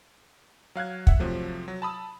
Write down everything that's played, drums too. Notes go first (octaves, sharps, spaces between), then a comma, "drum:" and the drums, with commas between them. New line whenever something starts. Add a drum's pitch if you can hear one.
F#3 F5 F#6 G#6
E5 F#5, drum: kick
C3 F3 F#3 A3
F#3
A5 B5 D#6 E6